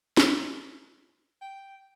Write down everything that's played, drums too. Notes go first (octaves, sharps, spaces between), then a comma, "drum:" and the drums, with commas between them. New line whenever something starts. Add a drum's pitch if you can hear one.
drum: snare
G5